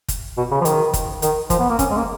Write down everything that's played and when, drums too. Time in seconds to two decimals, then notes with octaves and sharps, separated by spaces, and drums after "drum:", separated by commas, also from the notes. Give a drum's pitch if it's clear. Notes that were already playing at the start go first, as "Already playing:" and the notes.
0.08 drum: kick, hi-hat
0.37 B2
0.51 C#3
0.61 F3
0.65 D#3, drum: hi-hat
0.94 drum: kick, hi-hat
1.22 D#3, drum: hi-hat
1.50 F3, drum: kick, hi-hat
1.59 B3
1.69 A#3
1.79 C#4, drum: kick, hi-hat
1.91 G#3
1.98 A#3